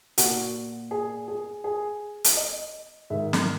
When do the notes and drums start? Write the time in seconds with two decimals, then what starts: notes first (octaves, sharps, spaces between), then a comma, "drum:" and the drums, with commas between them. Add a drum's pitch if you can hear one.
0.18 A#2 F#4, drum: hi-hat
0.91 G#4
1.28 G#4
1.64 G#4
2.24 drum: hi-hat
2.37 D#5
3.10 G#2 D#3 E5
3.33 drum: snare